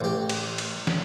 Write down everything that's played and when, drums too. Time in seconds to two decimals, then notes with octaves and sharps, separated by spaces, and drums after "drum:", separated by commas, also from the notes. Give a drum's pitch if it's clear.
0.01 A1 G4
0.29 drum: cymbal
0.58 drum: cymbal
0.87 drum: snare